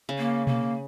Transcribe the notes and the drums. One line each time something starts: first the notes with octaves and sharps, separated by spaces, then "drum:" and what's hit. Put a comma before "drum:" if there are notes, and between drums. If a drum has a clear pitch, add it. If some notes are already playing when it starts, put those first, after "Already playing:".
C#3
A#3
A#3, drum: tom B2